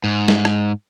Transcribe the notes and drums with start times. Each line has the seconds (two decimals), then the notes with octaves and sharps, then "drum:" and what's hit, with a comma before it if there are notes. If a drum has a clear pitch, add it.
0.04 G#2
0.28 drum: snare
0.45 drum: rim click